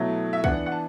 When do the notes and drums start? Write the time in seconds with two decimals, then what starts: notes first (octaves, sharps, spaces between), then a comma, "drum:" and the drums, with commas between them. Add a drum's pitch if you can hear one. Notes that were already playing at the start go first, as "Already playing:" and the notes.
Already playing: B2 F#3 A3 E4
0.33 E5
0.44 E3 B3 D4 F#5, drum: kick
0.66 F#5
0.72 A5